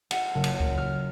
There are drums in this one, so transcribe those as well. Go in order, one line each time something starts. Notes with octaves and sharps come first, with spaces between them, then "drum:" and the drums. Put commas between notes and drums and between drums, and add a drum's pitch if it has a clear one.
F#5, drum: cymbal
F#1
drum: cymbal
drum: kick C#2
F6